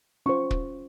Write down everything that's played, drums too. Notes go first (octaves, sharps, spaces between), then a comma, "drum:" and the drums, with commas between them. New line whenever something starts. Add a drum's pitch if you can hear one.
C#4 F4 C5 C#6
drum: kick